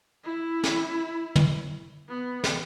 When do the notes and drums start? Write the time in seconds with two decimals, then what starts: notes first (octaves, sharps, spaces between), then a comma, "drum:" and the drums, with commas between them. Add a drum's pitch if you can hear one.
0.24 E4
0.63 drum: snare
1.36 drum: tom
2.08 B3
2.44 drum: snare